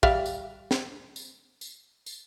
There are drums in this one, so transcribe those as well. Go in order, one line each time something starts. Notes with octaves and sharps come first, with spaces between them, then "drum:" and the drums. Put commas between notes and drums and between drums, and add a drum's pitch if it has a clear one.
G3 E5 F5, drum: kick
drum: tambourine
drum: snare
drum: tambourine
drum: tambourine
drum: tambourine